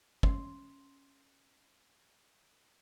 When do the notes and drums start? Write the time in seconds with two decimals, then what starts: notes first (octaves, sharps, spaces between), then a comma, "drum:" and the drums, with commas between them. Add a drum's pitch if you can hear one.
0.23 C#4 C6, drum: kick